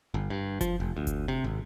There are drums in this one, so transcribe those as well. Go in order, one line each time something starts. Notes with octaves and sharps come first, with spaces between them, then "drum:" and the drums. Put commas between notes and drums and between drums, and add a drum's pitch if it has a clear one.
G1
G2
F3, drum: kick F#1, hi-hat
F1
D2
drum: kick F#1, hi-hat
C3
G#1